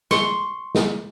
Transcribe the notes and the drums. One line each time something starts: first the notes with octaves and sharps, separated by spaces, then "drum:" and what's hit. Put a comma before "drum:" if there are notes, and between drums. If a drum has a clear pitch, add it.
C6 C#6, drum: snare
drum: snare